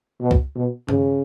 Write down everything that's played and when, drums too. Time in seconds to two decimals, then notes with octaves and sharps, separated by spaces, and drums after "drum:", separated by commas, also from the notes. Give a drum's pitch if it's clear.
0.21 B2
0.31 drum: kick
0.56 B2
0.89 C#3, drum: tom G2